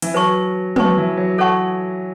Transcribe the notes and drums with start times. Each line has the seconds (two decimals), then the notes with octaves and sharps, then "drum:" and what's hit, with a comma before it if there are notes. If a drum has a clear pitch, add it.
0.02 E3, drum: hi-hat
0.14 F#3 B4 A5 C#6
0.76 F#3 B4 A5 C#6, drum: tom
0.97 E3
1.17 F#3
1.38 A4 C#5 F#5 A5 C#6